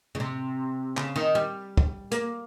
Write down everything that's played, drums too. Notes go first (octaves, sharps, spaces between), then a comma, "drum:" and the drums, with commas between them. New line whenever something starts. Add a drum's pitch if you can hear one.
C#3, drum: tom A2
C3
C#3, drum: clap
D#3
G3
drum: kick
A#3, drum: hi-hat